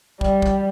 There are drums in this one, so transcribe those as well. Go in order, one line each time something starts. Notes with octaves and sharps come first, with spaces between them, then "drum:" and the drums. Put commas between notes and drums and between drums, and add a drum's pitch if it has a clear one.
G3, drum: kick
drum: kick